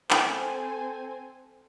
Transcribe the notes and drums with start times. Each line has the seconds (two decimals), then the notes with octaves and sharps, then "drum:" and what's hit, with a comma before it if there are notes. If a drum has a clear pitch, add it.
0.11 C4 A4 C5 G#5, drum: clap